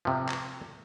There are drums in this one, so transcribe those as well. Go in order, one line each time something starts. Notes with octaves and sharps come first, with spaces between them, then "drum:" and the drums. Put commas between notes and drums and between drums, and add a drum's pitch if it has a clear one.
C3 F3
drum: clap